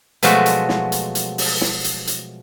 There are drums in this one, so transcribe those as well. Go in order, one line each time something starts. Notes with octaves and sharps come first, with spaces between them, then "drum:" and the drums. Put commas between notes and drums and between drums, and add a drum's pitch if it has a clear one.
B2 F3 F#3 G#3 A3 F#4, drum: hi-hat
drum: hi-hat
drum: snare
drum: hi-hat
drum: hi-hat
drum: open hi-hat
drum: snare
drum: hi-hat
drum: hi-hat